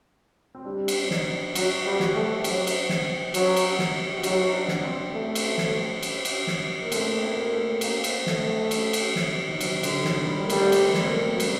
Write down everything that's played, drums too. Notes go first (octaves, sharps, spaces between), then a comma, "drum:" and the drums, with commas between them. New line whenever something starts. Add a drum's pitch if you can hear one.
C4
G3 D4
drum: cymbal
D4
D#4, drum: snare
F#3 F#4, drum: cymbal
G3
G4
F#4, drum: snare
A3
G4
F#3 F#4, drum: cymbal
drum: cymbal
drum: snare
F#3, drum: cymbal
drum: cymbal
drum: snare
G4
F#4
F#3 D#4, drum: cymbal
D4
drum: snare
C4
A3
drum: cymbal
drum: snare
drum: cymbal
drum: cymbal
drum: snare
A#3
A3 C4, drum: cymbal
A#3
A#3
A3
A#3, drum: cymbal
drum: cymbal
A3, drum: snare
drum: cymbal
drum: cymbal
drum: snare
D#3
F#3, drum: cymbal
D3, drum: cymbal
D#3, drum: snare
G3
A#3
G3 A3, drum: cymbal
drum: cymbal
C4, drum: snare
A#3
A3
A#3
F#3
G3, drum: cymbal